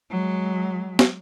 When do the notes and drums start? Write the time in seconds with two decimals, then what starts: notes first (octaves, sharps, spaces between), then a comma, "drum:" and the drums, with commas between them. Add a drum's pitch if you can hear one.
0.10 F#3 G#3
0.99 drum: snare